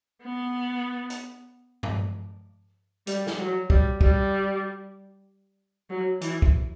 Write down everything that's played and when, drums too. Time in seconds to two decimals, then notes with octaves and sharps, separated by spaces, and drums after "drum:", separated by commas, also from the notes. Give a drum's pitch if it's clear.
0.23 B3
1.10 drum: hi-hat
1.83 drum: tom G2
3.07 G3, drum: hi-hat
3.27 drum: snare
3.38 F#3
3.70 G3, drum: kick
4.01 G3, drum: kick
5.90 F#3
6.21 E3, drum: hi-hat
6.42 drum: kick